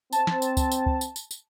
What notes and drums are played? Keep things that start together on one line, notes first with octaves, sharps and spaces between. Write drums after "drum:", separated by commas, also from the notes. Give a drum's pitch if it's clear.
C4 A5, drum: tambourine
drum: snare
drum: tambourine
drum: kick C#2, tambourine
drum: tambourine
drum: kick C#2
drum: tambourine
drum: tambourine
drum: tambourine